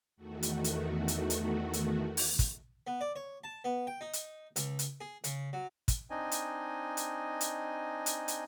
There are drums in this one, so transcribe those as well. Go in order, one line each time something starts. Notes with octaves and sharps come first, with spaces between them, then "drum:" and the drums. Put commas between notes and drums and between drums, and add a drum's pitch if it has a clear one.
E2 D#3 A3 F#4
drum: hi-hat
drum: hi-hat
drum: hi-hat
drum: hi-hat
drum: hi-hat
drum: open hi-hat
drum: kick, hi-hat
B3
D5
C#5
A5
B3
G5
D#4
drum: hi-hat
C#2, drum: hi-hat
drum: hi-hat
G#4
C#3, drum: hi-hat
F#3
drum: kick, hi-hat
C4 D4 D#4 D#5 G#5
drum: hi-hat
drum: hi-hat
drum: hi-hat
drum: hi-hat
drum: hi-hat